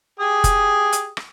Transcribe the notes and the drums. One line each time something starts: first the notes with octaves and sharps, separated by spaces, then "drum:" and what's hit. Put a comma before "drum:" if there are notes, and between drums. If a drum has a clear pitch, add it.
G4 G#4 D#6
drum: kick F1, hi-hat
drum: hi-hat
drum: rim click